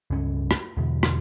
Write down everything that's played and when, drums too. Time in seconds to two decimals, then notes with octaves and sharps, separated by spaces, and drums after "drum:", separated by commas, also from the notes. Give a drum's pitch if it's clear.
0.10 C#2 G2 C#4
0.51 drum: rim click
0.77 E2 B2 D3
1.03 drum: rim click